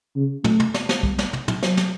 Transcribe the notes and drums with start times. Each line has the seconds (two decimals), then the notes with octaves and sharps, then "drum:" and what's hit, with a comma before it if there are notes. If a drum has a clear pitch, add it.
0.16 C#3
0.44 A3, drum: tom
0.60 drum: tom
0.74 drum: snare
0.89 drum: snare
1.03 G3, drum: kick
1.19 drum: snare
1.33 drum: tom
1.48 drum: tom
1.63 F#3, drum: snare
1.77 drum: snare